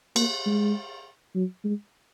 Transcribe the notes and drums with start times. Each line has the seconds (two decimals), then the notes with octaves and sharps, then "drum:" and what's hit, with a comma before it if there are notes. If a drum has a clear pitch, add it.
0.16 A#3, drum: cymbal
0.46 G#3
1.35 F#3
1.64 G#3